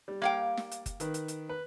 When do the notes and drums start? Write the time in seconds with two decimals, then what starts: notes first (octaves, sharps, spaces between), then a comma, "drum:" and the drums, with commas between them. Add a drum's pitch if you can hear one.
0.08 G3
0.22 A#3 F5 G5
0.57 drum: snare
0.72 drum: hi-hat
0.86 drum: kick F#1, hi-hat
1.00 D#3 B4, drum: hi-hat
1.14 drum: hi-hat
1.28 drum: hi-hat
1.49 B4